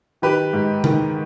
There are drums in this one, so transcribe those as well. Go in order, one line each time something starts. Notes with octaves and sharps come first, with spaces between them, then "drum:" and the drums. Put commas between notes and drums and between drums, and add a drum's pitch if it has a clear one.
D#3 G4 B4
G#2
D#3, drum: tom C#3